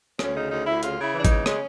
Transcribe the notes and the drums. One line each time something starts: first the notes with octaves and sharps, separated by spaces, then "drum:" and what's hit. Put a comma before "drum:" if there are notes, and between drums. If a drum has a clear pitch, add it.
D2 C#4, drum: rim click
C#3 D#4
D2 D#4
D2 E4
C#3 F4, drum: hi-hat
C#3 E4
E3 D4
D#4, drum: kick G#1, hi-hat
C#3
G#3 C#4, drum: rim click